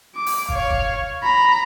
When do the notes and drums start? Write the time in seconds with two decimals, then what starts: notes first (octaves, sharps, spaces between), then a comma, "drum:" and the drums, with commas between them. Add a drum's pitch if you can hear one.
0.15 D6
0.26 drum: open hi-hat
0.49 C#5 F5, drum: kick
0.70 drum: kick
1.23 A#5 B5